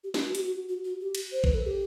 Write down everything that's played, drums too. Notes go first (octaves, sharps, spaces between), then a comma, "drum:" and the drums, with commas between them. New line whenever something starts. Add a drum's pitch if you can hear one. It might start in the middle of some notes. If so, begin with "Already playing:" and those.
G4
G4, drum: snare
F#4
G4, drum: hi-hat
F#4
F#4
F#4
G4
drum: cymbal
C5
B4, drum: kick A1
A4
G4